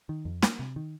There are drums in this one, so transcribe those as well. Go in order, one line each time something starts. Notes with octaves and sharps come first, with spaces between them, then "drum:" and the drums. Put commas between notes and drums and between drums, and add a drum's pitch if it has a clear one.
D#3
F2
A#3, drum: snare
C3
D#3